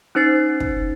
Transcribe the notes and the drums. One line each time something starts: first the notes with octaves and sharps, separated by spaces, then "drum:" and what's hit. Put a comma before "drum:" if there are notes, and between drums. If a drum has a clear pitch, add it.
C#4 D#4 C5 A6 C7
drum: kick